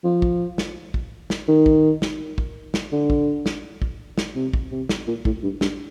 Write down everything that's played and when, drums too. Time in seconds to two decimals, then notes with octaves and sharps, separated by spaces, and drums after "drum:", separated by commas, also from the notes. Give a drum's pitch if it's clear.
0.04 F3
0.22 drum: kick
0.58 drum: snare
0.94 drum: kick
1.30 drum: snare
1.48 D#3
1.66 drum: kick
2.02 drum: snare
2.38 drum: kick
2.74 drum: snare
2.92 D3
3.10 drum: kick
3.46 drum: snare
3.82 drum: kick
4.18 drum: snare
4.36 C3
4.54 drum: kick
4.72 C3
4.89 drum: snare
5.07 A#2
5.25 A2, drum: kick
5.43 G2
5.61 G2, drum: snare